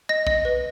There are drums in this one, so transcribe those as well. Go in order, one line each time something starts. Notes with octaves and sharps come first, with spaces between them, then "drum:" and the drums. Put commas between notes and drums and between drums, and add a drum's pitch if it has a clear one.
D#5 A#6
D#5, drum: kick
B4